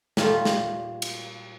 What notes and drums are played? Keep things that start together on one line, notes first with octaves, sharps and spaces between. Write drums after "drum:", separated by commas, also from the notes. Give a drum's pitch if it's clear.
A#2 G3 A3 F4, drum: snare
drum: snare
drum: cymbal